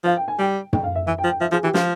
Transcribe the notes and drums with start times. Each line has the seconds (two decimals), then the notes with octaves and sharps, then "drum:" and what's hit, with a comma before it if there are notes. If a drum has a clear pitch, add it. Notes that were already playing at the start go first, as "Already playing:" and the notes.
0.04 F3 F5
0.16 G5
0.28 G#5
0.38 G3 G5
0.73 G5, drum: tom
0.84 F5
0.95 E5
1.06 E3 E5
1.18 G5
1.24 F3
1.29 G5
1.41 F3 E5
1.52 F3 G#4
1.63 E3 G4
1.74 F3 F4, drum: snare